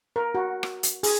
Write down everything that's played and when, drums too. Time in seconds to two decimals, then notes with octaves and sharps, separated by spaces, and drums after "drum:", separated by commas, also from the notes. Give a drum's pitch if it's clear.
0.16 A#4
0.35 F#4
0.63 drum: rim click
0.83 drum: hi-hat
1.03 G#4, drum: open hi-hat